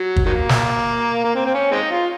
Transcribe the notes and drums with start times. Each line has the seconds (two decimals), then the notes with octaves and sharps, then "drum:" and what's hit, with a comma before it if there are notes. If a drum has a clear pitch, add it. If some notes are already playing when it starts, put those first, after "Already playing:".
Already playing: F#3
0.16 drum: kick
0.26 D#3 F#3 A#3
0.49 drum: snare
1.24 A#3
1.35 C4
1.45 C4
1.55 C#4
1.72 G#3 C4 D#4
1.91 F4